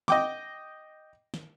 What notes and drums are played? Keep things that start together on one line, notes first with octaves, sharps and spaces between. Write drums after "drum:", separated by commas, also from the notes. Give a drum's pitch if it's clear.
D#5 G5 D6, drum: snare
drum: snare